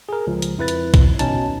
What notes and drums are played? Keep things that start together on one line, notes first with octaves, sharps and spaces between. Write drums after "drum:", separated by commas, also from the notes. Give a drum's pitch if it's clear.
G#4 A#4
C#2 F3
drum: hi-hat
F2 E4 B4 A6
drum: hi-hat
drum: kick, hi-hat
B2 C#4 D#4 A5, drum: hi-hat